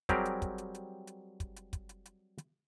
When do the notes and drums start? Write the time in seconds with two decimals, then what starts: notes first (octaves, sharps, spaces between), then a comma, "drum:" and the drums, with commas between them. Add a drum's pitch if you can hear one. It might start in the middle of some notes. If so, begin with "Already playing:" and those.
0.09 F#3 G3 C4 G4 G#4 A#4, drum: kick, hi-hat
0.25 drum: hi-hat
0.42 drum: kick, hi-hat
0.58 drum: hi-hat
0.75 drum: hi-hat
1.07 drum: hi-hat
1.40 drum: kick, hi-hat
1.56 drum: hi-hat
1.73 drum: kick, hi-hat
1.89 drum: hi-hat
2.06 drum: hi-hat
2.38 drum: hi-hat